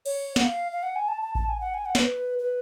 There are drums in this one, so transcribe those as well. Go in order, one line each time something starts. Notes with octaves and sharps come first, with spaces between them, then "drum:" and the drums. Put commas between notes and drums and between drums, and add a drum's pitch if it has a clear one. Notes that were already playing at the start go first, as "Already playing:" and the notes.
C#5, drum: cymbal
F#5, drum: snare
F5
F5
F#5
G#5
A5
A5
A5, drum: kick A1
G#5
F#5
G#5
F#5
C#5, drum: snare
B4
B4